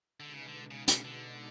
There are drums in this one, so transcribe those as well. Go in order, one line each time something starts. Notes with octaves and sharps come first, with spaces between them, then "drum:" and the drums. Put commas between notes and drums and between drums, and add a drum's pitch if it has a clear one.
B2 D3 G#3 B3 D#4
C#3
D3
C#3
C#3, drum: hi-hat
D3